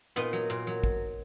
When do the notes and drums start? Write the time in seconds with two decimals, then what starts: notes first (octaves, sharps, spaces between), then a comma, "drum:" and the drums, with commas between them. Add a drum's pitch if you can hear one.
0.16 A#2 B3 D#4
0.33 F#3
0.50 A#2
0.67 F#3
0.84 drum: kick